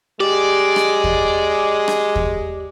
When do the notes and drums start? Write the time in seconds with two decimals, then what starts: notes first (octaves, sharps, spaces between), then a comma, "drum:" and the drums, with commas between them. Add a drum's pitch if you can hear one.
0.20 G#3 G4 D5
0.76 drum: rim click
1.04 drum: kick
1.88 drum: rim click
2.16 drum: kick